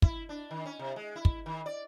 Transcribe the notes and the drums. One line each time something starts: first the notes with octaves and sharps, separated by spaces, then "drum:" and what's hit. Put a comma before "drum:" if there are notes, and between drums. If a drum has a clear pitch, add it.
E4, drum: kick
D4
D#3
C#4
C3
G#3
E4
drum: kick
D#3
D5